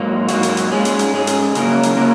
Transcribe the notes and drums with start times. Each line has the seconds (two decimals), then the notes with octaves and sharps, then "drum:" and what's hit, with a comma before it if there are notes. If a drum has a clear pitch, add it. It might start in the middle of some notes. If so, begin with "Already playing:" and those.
Already playing: G#2 F#3 A#3
0.28 G#2 F#3 A#3 F#4, drum: hi-hat
0.43 drum: hi-hat
0.57 drum: hi-hat
0.72 G#2 G#3 C#4 G#4
0.85 drum: hi-hat
0.99 drum: hi-hat
1.13 G#2 G#3 C#4 G#4
1.27 drum: hi-hat
1.55 C#3 F#3 A#3 C#4 A#4, drum: hi-hat
1.83 drum: hi-hat
1.97 C#3 F#3 A#3 C#4 A#4